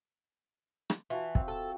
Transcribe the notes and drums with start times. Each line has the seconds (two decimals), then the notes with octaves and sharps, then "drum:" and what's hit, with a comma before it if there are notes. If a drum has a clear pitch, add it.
0.90 drum: rim click
1.10 E3 F4 F#4 A5
1.35 C4, drum: kick
1.48 A4